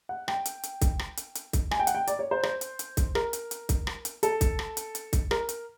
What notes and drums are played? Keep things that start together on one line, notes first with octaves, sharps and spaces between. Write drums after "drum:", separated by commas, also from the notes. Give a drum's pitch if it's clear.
F#5
G5, drum: rim click
drum: hi-hat
drum: hi-hat
drum: kick C2, hi-hat
drum: rim click
drum: hi-hat
drum: hi-hat
drum: kick C2, hi-hat
G#5, drum: rim click
G5
F#5, drum: hi-hat
G5
D5, drum: hi-hat
C#5
C5
C5, drum: rim click
drum: hi-hat
drum: hi-hat
drum: kick C2, hi-hat
A#4, drum: rim click
drum: hi-hat
drum: hi-hat
drum: kick C2, hi-hat
drum: rim click
drum: hi-hat
A4, drum: hi-hat
drum: kick C2, hi-hat
drum: rim click
drum: hi-hat
drum: hi-hat
drum: kick C2, hi-hat
A#4, drum: rim click
drum: hi-hat